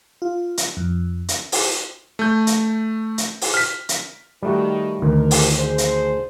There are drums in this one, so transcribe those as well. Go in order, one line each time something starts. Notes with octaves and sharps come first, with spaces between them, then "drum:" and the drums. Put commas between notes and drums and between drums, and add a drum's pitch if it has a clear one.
F4
drum: hi-hat
F2
drum: hi-hat
drum: open hi-hat
A3 G6
drum: hi-hat
drum: hi-hat
drum: open hi-hat
F6 B6
drum: hi-hat
D#3 G3 A3 F#4
D2 D#3 A#4
drum: open hi-hat
D3 G#4 C5
drum: hi-hat